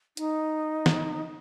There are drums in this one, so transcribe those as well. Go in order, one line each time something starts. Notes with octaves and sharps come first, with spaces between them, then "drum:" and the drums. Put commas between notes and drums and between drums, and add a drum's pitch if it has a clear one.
D#4, drum: hi-hat
drum: snare